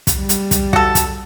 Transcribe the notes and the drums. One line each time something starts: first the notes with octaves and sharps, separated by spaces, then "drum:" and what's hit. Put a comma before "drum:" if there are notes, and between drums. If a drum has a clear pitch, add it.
drum: kick, hi-hat
G3
drum: hi-hat
drum: kick, hi-hat
F#4 A4, drum: kick
drum: kick, hi-hat